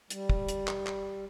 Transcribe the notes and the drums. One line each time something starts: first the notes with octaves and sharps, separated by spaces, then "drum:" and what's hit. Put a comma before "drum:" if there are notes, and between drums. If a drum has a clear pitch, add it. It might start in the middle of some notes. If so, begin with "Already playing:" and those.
G3, drum: hi-hat
drum: kick
drum: hi-hat
drum: clap
drum: clap